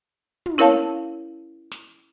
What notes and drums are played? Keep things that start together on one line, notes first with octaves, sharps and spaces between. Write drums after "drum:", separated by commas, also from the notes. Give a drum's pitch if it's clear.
drum: tom
C#4 E4 A#4 C#5 F5 A5
drum: snare